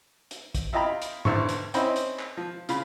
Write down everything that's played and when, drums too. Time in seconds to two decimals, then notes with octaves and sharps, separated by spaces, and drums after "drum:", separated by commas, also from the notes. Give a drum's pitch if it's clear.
0.31 drum: hi-hat
0.55 drum: kick, hi-hat
0.73 E4 F4 D#5 G5 A#5 B5
1.02 drum: hi-hat
1.25 B1 E2 D3 E4 C5 C#6, drum: tom
1.49 drum: hi-hat
1.74 C4 C#4 D#4 E4 C5 B5, drum: hi-hat
1.96 drum: hi-hat
2.19 drum: clap
2.37 F3
2.69 C#3 F4 B5, drum: hi-hat